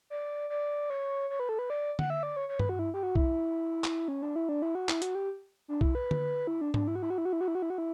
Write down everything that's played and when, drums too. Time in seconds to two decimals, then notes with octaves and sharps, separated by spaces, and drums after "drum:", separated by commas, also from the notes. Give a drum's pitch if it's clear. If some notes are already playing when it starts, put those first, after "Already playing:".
0.10 D5
0.50 D5
0.90 C#5
1.30 C#5
1.40 B4
1.49 A4
1.59 B4
1.70 D5
1.99 F#5, drum: tom D3
2.10 E5
2.23 D5
2.36 C#5
2.49 C#5
2.59 B4, drum: tom G2
2.69 F#4
2.79 E4
2.94 G4
3.03 F#4
3.15 E4, drum: kick B1
3.84 drum: clap
4.08 C#4
4.22 D4
4.36 E4
4.49 D4
4.62 E4
4.75 F#4
4.89 E4, drum: clap
5.02 F#4, drum: hi-hat
5.15 G4
5.68 D4
5.81 E4, drum: kick B1
5.95 B4
6.11 drum: tom D3
6.47 E4
6.61 D4
6.74 D4, drum: tom G#2
6.88 E4
6.96 F#4
7.03 E4
7.10 F#4
7.18 E4
7.25 F#4
7.33 E4
7.41 F#4
7.48 E4
7.55 F#4
7.62 E4
7.70 F#4
7.78 E4